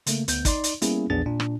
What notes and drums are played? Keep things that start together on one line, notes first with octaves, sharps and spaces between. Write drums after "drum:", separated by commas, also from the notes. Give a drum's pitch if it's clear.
C#3 A3 A#3, drum: hi-hat
D2 B3 G6, drum: hi-hat
D#4 D5 C6, drum: kick, hi-hat
drum: hi-hat
G3 A#3 B3 C#4 E4 G#4, drum: hi-hat
A#1 E2 B3 D4 G#4 A6
A#2 D4
drum: rim click